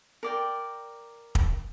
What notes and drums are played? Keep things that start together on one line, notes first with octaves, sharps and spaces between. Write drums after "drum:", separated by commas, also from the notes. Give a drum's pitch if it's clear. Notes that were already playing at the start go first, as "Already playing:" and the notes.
A#4 D5 G5
drum: kick